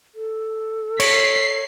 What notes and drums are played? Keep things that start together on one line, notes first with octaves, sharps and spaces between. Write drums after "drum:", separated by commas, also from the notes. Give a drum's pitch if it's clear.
A4
C#5 B6 C7, drum: cymbal